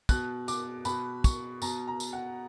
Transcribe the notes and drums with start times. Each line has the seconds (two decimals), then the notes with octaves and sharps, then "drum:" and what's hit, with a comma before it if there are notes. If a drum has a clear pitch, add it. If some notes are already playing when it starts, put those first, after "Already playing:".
0.09 B2 F#6, drum: kick, tambourine
0.48 D6, drum: tambourine
0.85 B2 B5, drum: tambourine
1.24 C#6, drum: kick, tambourine
1.62 B2 A#5, drum: tambourine
1.88 A#5
2.00 drum: tambourine
2.13 F#5